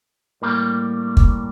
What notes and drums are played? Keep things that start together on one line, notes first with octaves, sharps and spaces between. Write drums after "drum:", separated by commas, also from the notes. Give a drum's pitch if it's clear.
A2 G3 A#3
drum: kick